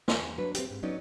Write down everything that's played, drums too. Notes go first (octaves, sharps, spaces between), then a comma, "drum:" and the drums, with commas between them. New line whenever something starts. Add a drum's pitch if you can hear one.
E2 B3, drum: snare
F#3 D4 B4
C4 G4, drum: hi-hat
G#2
F#3 B3 C#4 D#4 D5